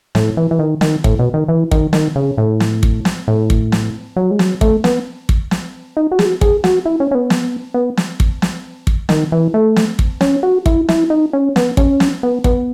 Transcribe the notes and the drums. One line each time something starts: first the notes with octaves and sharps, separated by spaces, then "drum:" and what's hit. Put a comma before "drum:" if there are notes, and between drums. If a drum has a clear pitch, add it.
A2, drum: snare
E3
E3
D#3
D#3, drum: snare
A2, drum: kick
B2
D#3
E3
D#3, drum: kick
D#3, drum: snare
C#3
A2
drum: snare
drum: kick
drum: snare
A2
drum: kick
drum: snare
F#3
G#3
F#3, drum: snare
A3, drum: kick
B3, drum: snare
drum: kick
drum: snare
D#4
F#4
G#4, drum: snare
F#4
G#4, drum: kick
F#4, drum: snare
E4
C#4
C#4
B3
drum: snare
B3
drum: snare
drum: kick
drum: snare
drum: kick
D#3, drum: snare
E3
A3
drum: snare
drum: kick
C#4, drum: snare
F#4
E4, drum: kick
E4, drum: snare
D#4
C#4
B3, drum: snare
C#4, drum: kick
drum: snare
B3
B3, drum: kick